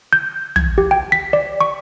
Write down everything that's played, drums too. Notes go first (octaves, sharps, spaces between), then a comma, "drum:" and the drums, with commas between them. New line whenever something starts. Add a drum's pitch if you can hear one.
G6
G#6, drum: tom
G4
G5
B6
D5
C#6